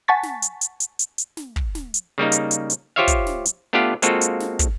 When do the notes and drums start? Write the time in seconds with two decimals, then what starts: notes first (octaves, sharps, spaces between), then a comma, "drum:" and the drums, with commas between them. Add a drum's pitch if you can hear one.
0.08 F#5 G#5 A5 C#6 A6 B6
0.23 drum: snare
0.42 drum: hi-hat
0.61 drum: hi-hat
0.80 drum: hi-hat
0.99 drum: hi-hat
1.18 drum: hi-hat
1.37 drum: snare
1.56 drum: kick
1.75 drum: snare
1.94 drum: hi-hat
2.18 C#3 G3 A#3 D#4
2.32 drum: hi-hat
2.51 drum: hi-hat
2.70 drum: hi-hat
2.96 F4 G4 C5 C#5 E5 F5
3.08 drum: kick, hi-hat
3.27 drum: snare
3.45 drum: hi-hat
3.73 A3 B3 D4 F4 G4 F5
4.02 G#3 A#3 C4 F4 F#4 A4, drum: hi-hat
4.21 drum: hi-hat
4.40 drum: snare
4.59 drum: kick, hi-hat